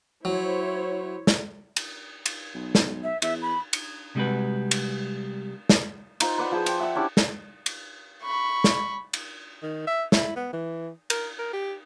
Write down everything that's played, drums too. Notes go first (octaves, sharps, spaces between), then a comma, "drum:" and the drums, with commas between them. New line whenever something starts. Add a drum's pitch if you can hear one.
F#3 E4 C5 C#5
drum: snare
drum: cymbal
drum: cymbal
B1
drum: snare
E5
E2 E5, drum: cymbal
B5
drum: cymbal
C3 G3 G#3 C4 F#4 B4
drum: cymbal
drum: snare
D#4 F4 C5, drum: cymbal
B4 D5 F#5 B5
F3 G#4 C5
G5, drum: cymbal
E5 F#5 E6
C#4 D4 E4 G4
drum: snare
drum: cymbal
B5 C#6
drum: snare
drum: cymbal
D#3
E5
E4, drum: snare
B3
E3
A#4, drum: cymbal
A#4
G4